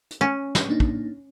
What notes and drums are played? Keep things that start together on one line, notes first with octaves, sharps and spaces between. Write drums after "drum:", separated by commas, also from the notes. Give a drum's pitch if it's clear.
drum: hi-hat
C#4
drum: snare
A#3 D4 D#4
drum: kick